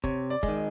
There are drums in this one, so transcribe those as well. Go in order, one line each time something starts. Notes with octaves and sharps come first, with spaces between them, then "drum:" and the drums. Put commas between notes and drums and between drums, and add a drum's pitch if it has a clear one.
C3 C#5, drum: kick
D5
G#3, drum: kick
D#3